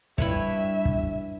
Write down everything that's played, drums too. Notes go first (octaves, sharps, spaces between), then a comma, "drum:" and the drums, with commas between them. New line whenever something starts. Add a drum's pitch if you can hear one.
G2 E4 B4 C#5 E5, drum: kick
drum: kick